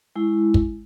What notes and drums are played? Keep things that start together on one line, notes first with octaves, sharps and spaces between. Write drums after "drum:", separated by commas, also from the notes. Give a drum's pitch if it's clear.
G#3 E4
drum: kick